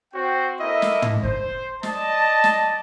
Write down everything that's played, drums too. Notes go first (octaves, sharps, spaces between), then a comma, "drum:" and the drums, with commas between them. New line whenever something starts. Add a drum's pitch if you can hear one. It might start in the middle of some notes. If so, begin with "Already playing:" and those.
C4 F#4 C5 G5
A#3 E4 A4 D#5 E5
drum: snare
drum: tom
C5, drum: kick
D5 D#5 A5, drum: snare
drum: snare